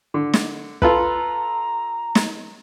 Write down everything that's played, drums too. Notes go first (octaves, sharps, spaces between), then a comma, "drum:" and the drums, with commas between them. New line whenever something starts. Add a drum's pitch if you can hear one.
D3
drum: snare
F4 A4 B4 A#5, drum: kick
drum: snare